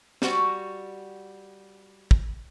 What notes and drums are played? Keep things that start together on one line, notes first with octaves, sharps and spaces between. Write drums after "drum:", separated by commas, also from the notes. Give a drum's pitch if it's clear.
G3 F#4, drum: snare
drum: kick